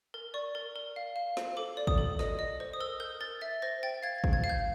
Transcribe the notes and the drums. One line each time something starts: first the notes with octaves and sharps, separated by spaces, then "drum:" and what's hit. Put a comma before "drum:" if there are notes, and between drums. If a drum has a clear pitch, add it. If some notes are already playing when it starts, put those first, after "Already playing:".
A#4
D5 C#6
A#4
A#4
F5
F5
C5, drum: snare
A4 D6
D5
D#6, drum: kick
A4
D#5, drum: snare
D#5
C5
D#6
A#4 E6
A#4 G6
A#4 A6
E5 A6
C5 A#6
G5 A6
F5 G#6
A6
C5, drum: kick
G#6
F5
G6